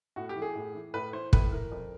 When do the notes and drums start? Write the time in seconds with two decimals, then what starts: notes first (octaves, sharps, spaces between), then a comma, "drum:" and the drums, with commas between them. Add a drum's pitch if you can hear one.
0.16 A2 F#4
0.29 G4
0.36 E3
0.42 G#4
0.55 A2
0.75 E3
0.94 A2 B4
1.13 E3 C5
1.33 A2 B4, drum: kick
1.52 E3 A#4
1.72 F2